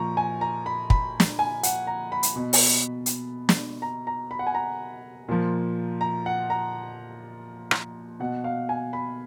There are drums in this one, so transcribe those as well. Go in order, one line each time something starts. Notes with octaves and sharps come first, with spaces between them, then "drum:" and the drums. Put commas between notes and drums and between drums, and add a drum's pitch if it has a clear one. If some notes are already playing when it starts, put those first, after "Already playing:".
Already playing: A#2 F3 A#5 C#6
G#5
A#5
B5
B5, drum: kick
drum: snare
G#5
F#5, drum: hi-hat
A#5
B5
drum: hi-hat
B2
drum: open hi-hat
drum: hi-hat
drum: snare
A#5
A#5
B5
F#5
G#5
A#5
A#2 F3
A#5
F#5
A#5
drum: rim click
B2 F#5
F5
G#5
B5